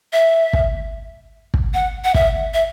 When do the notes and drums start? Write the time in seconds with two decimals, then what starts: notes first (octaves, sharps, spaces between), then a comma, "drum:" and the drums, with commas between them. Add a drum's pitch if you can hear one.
0.13 E5
0.53 drum: kick
1.54 drum: kick
1.74 F#5
2.04 F#5
2.14 E5, drum: kick
2.54 E5